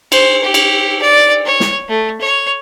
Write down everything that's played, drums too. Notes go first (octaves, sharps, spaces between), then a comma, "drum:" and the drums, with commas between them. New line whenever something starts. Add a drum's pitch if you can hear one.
C5, drum: cymbal
G4
drum: cymbal
D5
C#5
drum: snare
A3
C#5